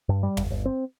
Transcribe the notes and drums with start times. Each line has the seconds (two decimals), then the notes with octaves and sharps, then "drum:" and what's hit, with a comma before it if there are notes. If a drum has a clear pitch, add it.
0.09 G2
0.23 G3
0.37 G1, drum: tom
0.50 G1
0.66 C4